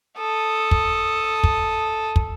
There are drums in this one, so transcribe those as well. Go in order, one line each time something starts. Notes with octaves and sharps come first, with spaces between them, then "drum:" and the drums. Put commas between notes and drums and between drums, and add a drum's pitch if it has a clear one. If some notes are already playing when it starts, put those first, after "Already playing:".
A4 D#6
drum: kick
drum: kick
drum: kick